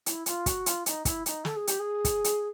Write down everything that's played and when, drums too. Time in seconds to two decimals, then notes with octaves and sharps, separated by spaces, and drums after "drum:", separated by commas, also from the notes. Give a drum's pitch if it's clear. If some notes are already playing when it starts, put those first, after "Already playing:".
0.06 E4, drum: hi-hat
0.26 F4, drum: hi-hat
0.46 F#4, drum: kick, hi-hat
0.66 F4, drum: hi-hat
0.86 D#4, drum: hi-hat
1.05 E4, drum: kick, hi-hat
1.26 D#4, drum: hi-hat
1.45 A4, drum: snare
1.56 G#4
1.67 G4, drum: hi-hat
1.79 G#4
2.05 drum: kick, hi-hat
2.24 drum: hi-hat